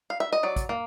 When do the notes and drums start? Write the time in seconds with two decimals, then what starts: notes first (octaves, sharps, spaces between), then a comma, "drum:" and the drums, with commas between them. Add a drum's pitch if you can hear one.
0.10 F5
0.20 E5
0.32 D#5
0.43 F#3 D5
0.56 drum: kick, hi-hat
0.69 A#3